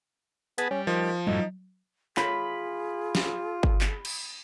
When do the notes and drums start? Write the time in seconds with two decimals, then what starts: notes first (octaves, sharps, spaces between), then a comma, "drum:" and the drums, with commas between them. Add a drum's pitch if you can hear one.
0.58 B3 G#4 B4 A5, drum: hi-hat
0.71 G3 C#4
0.87 D#3 F3
1.27 F#2 A2 D#4, drum: tom F#3
2.17 F4 G#4 B5, drum: clap
3.15 drum: snare
3.63 drum: kick G1
3.81 drum: clap
4.05 drum: cymbal